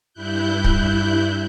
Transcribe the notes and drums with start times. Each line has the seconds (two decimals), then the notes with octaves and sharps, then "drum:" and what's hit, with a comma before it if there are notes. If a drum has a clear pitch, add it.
0.13 G2 E4 F#6 G6
0.64 drum: kick